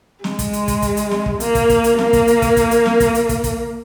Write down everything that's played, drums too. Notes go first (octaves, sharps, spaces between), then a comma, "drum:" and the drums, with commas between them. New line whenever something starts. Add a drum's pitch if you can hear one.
G#3, drum: snare
drum: kick, hi-hat
drum: hi-hat
drum: kick, hi-hat
drum: kick, hi-hat
drum: hi-hat
drum: snare
drum: kick
A#3, drum: hi-hat
drum: kick, hi-hat
drum: kick, hi-hat
drum: hi-hat
A#3, drum: snare
drum: kick, hi-hat
drum: hi-hat
drum: kick, hi-hat
drum: kick, hi-hat
drum: hi-hat
drum: snare
drum: kick, hi-hat
drum: hi-hat
drum: kick, hi-hat
drum: kick, hi-hat